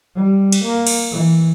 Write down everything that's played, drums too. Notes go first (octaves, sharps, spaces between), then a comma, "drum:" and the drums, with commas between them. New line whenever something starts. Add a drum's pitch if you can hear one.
G3
drum: cymbal
A#3
drum: cymbal
E3